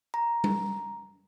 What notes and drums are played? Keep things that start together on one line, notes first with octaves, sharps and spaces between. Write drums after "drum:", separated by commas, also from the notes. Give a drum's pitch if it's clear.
A#5
drum: tom G3